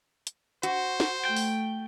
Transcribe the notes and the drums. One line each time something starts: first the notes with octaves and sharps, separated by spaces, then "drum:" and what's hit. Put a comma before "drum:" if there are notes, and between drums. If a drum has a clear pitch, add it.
drum: hi-hat
F#4 C5, drum: hi-hat
drum: snare
A3 G5
drum: open hi-hat